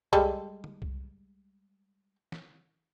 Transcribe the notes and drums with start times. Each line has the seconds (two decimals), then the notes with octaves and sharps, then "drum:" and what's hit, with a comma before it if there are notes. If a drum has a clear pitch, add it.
0.13 G3 G#3 A4, drum: kick C2
0.64 drum: tom
0.82 drum: kick C2
2.32 drum: snare